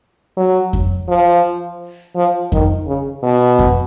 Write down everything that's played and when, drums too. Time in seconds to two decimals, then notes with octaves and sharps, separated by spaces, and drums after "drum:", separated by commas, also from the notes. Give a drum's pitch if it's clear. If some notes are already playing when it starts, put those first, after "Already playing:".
0.37 F#3
0.73 drum: kick F2
1.08 F3
2.16 F3
2.52 D#3, drum: kick F2
2.87 C#3
3.23 B2
3.59 drum: kick F2